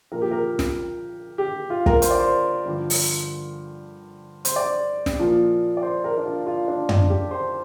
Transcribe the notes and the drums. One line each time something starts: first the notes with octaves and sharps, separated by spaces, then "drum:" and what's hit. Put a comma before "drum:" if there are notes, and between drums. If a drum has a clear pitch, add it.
A#2 F3 A#4
G4
A#4
drum: snare
G4
F4
A#4, drum: kick
C5, drum: hi-hat
D5
C5
G2 D3 F3
drum: open hi-hat
C5, drum: hi-hat
D5
drum: snare
A#2 F3
D5
C5
A#4
D4
F4
F4
D4
D4, drum: tom
G4
C5